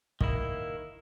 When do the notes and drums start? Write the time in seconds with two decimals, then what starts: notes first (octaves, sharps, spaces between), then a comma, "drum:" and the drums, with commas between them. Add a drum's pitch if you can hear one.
0.21 D#3 A#3 E4, drum: kick